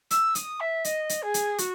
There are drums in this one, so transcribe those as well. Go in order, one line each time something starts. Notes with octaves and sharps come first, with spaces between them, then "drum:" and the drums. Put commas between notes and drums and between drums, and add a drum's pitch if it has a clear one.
E6, drum: hi-hat
D#6, drum: hi-hat
E5
D#5, drum: hi-hat
drum: hi-hat
G#4
drum: hi-hat
F#4, drum: hi-hat